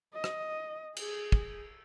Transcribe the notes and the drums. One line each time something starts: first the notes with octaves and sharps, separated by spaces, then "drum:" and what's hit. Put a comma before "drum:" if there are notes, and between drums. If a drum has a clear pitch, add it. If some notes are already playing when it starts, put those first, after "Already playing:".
D#5
drum: rim click
G#4, drum: cymbal
drum: kick